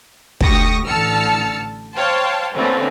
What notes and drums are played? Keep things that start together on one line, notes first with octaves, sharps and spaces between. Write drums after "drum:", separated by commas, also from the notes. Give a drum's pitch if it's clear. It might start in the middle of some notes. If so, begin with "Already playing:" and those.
D2 G4 C#6 D#6 A#6, drum: kick
A1 D3 A5 E6 F6 C#7
C5 C#5 F5 G5 A5 C6
D3 E3 A3 A#3 C4 C#4